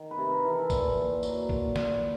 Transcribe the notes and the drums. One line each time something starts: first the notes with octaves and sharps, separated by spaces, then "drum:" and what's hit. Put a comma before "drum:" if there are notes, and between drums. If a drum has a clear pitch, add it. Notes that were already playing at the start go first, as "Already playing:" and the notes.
Already playing: D#3
B4
C3
A#4
E3
A4
A#2, drum: kick, tambourine
A#2
F#3, drum: tambourine
A#2, drum: kick
A#2, drum: snare